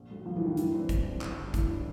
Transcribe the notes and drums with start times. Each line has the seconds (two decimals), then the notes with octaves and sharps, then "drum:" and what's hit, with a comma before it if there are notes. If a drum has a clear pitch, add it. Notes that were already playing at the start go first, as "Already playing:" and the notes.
Already playing: A#1
0.10 A2 F#3
0.26 A#1 F3
0.37 E3
0.42 A2 D#3 F#3
0.57 F#2 E3, drum: hi-hat
0.74 D3 G3 C4
0.89 F#2, drum: kick, hi-hat
1.06 D3 G3 C4
1.21 G1, drum: clap
1.38 G2 D3
1.54 G1 E3, drum: kick, hi-hat
1.69 D3